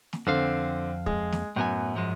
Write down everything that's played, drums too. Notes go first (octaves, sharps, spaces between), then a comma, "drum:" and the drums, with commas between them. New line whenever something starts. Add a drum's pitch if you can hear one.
drum: snare
F2 D3 C4 C5 F5
G#3, drum: kick
drum: snare
F#2 A2 B3 G#5
G#2 F3 G#3